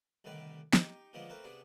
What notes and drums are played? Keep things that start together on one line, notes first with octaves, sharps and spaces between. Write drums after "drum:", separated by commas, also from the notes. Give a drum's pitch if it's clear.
C2 A2 D3 D#3 B4 D5
D#4 G4, drum: snare
A#2 D3 F3 G#3 A#3 B3
A3 A#3 C4 B4
C3 B3 D4 G#4